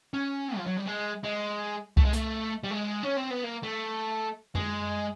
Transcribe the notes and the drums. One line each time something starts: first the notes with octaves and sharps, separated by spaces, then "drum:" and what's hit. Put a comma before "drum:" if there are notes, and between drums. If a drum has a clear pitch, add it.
C#4
F3
F#3
G3
G#3
G#3
A3, drum: kick C2
G#3
A3, drum: hi-hat
G3
G#3
C#4
C4
B3
A#3
A3
G#3, drum: tom F#2